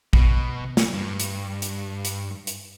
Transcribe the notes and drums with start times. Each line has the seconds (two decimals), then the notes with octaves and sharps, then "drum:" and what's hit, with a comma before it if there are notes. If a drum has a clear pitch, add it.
0.13 B2, drum: kick A#1
0.77 drum: snare
0.94 G2
1.20 drum: hi-hat
1.62 drum: hi-hat
2.05 drum: hi-hat
2.47 drum: hi-hat